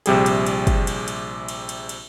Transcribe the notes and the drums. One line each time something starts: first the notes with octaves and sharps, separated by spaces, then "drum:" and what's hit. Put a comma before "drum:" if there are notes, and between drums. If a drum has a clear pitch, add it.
A#1 C3 G3 G#4, drum: cymbal
drum: cymbal
drum: cymbal
drum: kick, cymbal
drum: cymbal
drum: cymbal
drum: cymbal
drum: cymbal
drum: cymbal